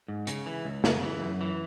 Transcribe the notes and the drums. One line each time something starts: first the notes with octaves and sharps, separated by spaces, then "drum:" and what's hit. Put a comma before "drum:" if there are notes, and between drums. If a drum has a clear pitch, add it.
G#2
C#3, drum: hi-hat
E3
C#2
C#3, drum: snare
E3
F#2
E3